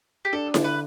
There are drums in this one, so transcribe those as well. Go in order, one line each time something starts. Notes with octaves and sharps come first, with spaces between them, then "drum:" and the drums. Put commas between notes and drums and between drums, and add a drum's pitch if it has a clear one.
G4
D4 A4
D3, drum: snare E4
B4